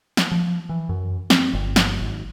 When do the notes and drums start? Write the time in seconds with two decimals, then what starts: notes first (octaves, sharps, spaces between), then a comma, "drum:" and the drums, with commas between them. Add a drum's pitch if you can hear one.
0.17 drum: snare
0.32 F3
0.69 E3
0.89 F#2
1.30 C4, drum: snare
1.53 G1
1.76 drum: snare
2.01 G#1